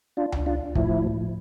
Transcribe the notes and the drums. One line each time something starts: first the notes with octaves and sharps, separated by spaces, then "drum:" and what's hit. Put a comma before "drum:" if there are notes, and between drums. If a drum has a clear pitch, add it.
D4 F4
drum: tom C#2
D4 F4
A2 F3 E4, drum: kick